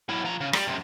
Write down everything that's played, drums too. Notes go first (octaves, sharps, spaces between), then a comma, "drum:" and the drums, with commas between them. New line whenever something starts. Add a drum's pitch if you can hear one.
F#3 E4
F3 A#5
C#3
G3, drum: rim click
F#2 C3